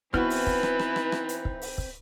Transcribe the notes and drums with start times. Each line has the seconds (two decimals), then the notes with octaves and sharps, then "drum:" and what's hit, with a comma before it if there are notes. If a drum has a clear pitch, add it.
0.14 E3 B3 C4 D#4 E4 F#4 B4 F6, drum: kick
0.30 drum: open hi-hat
0.47 drum: kick
0.63 drum: rim click
0.79 drum: rim click
0.96 drum: rim click
1.12 drum: rim click
1.29 drum: hi-hat
1.45 drum: kick
1.62 drum: open hi-hat
1.78 drum: kick